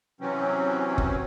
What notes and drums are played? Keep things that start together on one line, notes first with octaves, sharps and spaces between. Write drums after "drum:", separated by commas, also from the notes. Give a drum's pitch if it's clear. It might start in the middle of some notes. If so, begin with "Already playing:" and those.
C3 E3 F#3 C4 C#4
drum: kick F#1